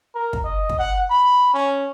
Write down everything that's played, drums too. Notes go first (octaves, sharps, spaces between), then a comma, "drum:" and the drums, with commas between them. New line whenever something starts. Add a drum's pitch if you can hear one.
A#4
drum: kick
D#5
drum: kick
F#5
B5
C#4